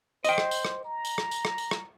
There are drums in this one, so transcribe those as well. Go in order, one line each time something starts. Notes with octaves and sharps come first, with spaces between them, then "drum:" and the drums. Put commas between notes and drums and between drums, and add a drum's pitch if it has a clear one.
C5 D#5 G5, drum: tambourine
drum: rim click
drum: tambourine
drum: rim click
A#5
drum: tambourine
drum: rim click
drum: tambourine
drum: rim click
drum: tambourine
drum: rim click